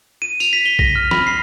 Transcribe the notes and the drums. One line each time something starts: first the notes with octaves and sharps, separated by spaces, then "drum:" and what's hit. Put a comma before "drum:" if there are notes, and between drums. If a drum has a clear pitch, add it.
D#7
F7, drum: tambourine
B6
G7
A#6, drum: kick
F6
B5, drum: snare
C7